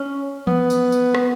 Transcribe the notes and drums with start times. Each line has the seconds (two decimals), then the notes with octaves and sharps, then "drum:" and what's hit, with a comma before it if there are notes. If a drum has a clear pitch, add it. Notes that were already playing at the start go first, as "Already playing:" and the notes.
Already playing: C#4
0.47 B3, drum: tom E3
0.70 drum: tambourine
0.92 drum: tambourine
1.15 drum: rim click